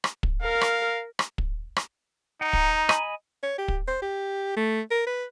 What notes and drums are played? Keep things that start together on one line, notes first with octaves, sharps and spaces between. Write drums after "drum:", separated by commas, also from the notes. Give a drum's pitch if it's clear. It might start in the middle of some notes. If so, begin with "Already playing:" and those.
drum: rim click
drum: kick
A#4 F5
drum: rim click
drum: rim click
drum: kick
drum: rim click
D#4 F#5 A#5
drum: kick
D#5 G#5 B5, drum: rim click
C#5
G4
drum: kick
C5
G4
A3
A#4
B4